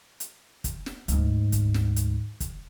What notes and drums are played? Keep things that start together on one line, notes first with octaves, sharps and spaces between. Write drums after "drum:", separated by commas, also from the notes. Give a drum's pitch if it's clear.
drum: hi-hat
drum: kick, hi-hat
drum: snare
D2 G#2, drum: hi-hat
drum: kick, hi-hat
drum: snare
drum: hi-hat
drum: kick, hi-hat